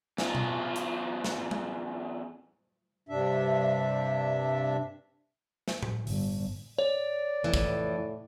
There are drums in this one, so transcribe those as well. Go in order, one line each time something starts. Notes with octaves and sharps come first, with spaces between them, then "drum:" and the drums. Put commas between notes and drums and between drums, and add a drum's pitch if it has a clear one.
E2 F4, drum: snare
drum: tom B2
drum: hi-hat
drum: snare
drum: tom G#3
G2 C3 D4 E5
drum: snare
drum: tom A2
G1, drum: open hi-hat
C#5 D5
F2 A2 E3
drum: kick